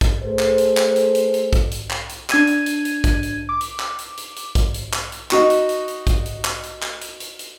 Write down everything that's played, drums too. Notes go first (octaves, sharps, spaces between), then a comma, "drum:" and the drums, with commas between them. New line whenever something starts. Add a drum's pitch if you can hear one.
drum: kick, hi-hat
A3 G#4 A4 B4 C5
drum: clap
drum: hi-hat
drum: clap
drum: hi-hat
drum: hi-hat
drum: hi-hat
drum: kick, hi-hat
drum: hi-hat
drum: clap
drum: hi-hat
D4 G#6 D#7, drum: clap
drum: hi-hat
drum: hi-hat
drum: hi-hat
drum: kick, hi-hat
drum: hi-hat
D6
drum: hi-hat
drum: clap
drum: hi-hat
drum: hi-hat
drum: hi-hat
drum: kick, hi-hat
drum: hi-hat
drum: clap
drum: hi-hat
D#4 F#4 C#6, drum: clap
drum: hi-hat
drum: hi-hat
drum: hi-hat
drum: kick, hi-hat
drum: hi-hat
drum: clap
drum: hi-hat
drum: clap
drum: hi-hat
drum: hi-hat
drum: hi-hat